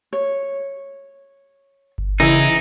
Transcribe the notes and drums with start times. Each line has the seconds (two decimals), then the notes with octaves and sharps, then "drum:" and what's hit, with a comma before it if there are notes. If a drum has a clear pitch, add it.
0.13 C#5
1.98 drum: kick G1
2.20 C#3 E3 D#4 E4